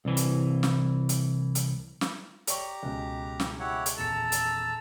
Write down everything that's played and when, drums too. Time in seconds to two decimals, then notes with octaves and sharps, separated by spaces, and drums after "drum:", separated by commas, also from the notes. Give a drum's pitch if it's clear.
0.05 C2 E3
0.17 drum: hi-hat
0.63 drum: snare
1.09 drum: hi-hat
1.55 drum: hi-hat
2.01 drum: snare
2.47 G4 C#5 D5 A#5 C#6, drum: hi-hat
2.83 C#2 B2
3.40 drum: snare
3.60 E4 G4 C#5 F#5
3.86 drum: hi-hat
3.97 D#1 E2 A4 A5 A#5 E6 C#7
4.32 drum: hi-hat